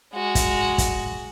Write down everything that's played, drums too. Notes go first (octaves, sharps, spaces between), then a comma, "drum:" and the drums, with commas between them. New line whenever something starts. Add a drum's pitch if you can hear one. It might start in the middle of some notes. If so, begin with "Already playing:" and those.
G#3 F#4
drum: kick, hi-hat
drum: kick, hi-hat